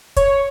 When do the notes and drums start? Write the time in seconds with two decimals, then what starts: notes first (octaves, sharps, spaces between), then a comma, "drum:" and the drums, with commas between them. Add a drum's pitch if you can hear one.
0.16 C#5, drum: kick, hi-hat